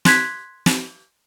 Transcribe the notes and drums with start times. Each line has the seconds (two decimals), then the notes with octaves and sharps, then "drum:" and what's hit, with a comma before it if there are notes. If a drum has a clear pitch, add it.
0.05 C6 F#6 G#6 B6, drum: snare
0.66 drum: snare